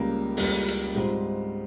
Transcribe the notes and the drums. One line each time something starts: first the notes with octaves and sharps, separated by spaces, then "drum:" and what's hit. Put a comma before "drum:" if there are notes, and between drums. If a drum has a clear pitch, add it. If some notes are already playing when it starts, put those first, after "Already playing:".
Already playing: C#2 C#3 G3 A#3
C#2 C#3 G3 A#3, drum: open hi-hat
drum: hi-hat
G#2 G3 C4 F4